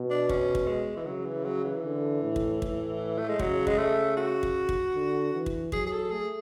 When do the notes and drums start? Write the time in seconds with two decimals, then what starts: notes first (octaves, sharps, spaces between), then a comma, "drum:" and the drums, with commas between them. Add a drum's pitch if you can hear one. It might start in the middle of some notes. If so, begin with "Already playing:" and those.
Already playing: B2
0.10 D4
0.29 C#4, drum: kick
0.55 drum: kick
0.67 G#3
0.97 E3
1.06 C#3 F#3
1.25 E3
1.45 F#3
1.65 E3
1.84 D3
2.23 A2
2.36 drum: kick
2.62 A2, drum: kick
3.18 A3
3.29 G#3
3.39 C#3 F#3, drum: kick
3.67 G#3, drum: kick
3.78 A3
4.17 F#4
4.43 drum: kick
4.69 drum: kick
4.95 D3
5.33 E3
5.46 drum: kick
5.72 F#3 G#4, drum: kick
5.86 G#4
5.92 A4
6.10 A3 G#4